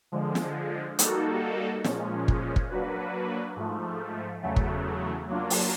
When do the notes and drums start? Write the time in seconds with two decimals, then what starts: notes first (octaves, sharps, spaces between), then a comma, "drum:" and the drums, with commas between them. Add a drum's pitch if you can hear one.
0.12 D3 F3 G#3
0.35 drum: snare
0.99 G3 A#3 D#4 F#4 A4, drum: hi-hat
1.84 A#2 F3 G#3 C#4, drum: snare
2.28 drum: kick
2.56 drum: kick
2.70 F#3 A#3 D4 F#4 B4
3.56 G#2 F3 A3
4.43 E2 C#3 F#3 A3
4.56 drum: kick
5.29 F#3 A#3 D4 F4
5.50 drum: open hi-hat